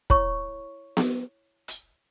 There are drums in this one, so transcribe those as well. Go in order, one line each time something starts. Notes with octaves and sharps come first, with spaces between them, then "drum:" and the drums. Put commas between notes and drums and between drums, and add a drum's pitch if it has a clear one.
E4 C#5 C#6, drum: kick
drum: snare B3
drum: hi-hat